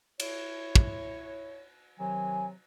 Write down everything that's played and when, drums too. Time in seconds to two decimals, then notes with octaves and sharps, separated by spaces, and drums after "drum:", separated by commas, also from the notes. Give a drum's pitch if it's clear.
0.20 E4 C#5, drum: cymbal
0.76 drum: kick
1.99 C3 D#3 F#3 G#5